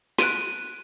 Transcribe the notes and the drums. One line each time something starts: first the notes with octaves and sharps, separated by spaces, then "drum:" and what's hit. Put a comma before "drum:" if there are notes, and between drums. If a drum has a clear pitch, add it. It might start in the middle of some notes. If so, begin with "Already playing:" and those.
F#6 D7 D#7, drum: snare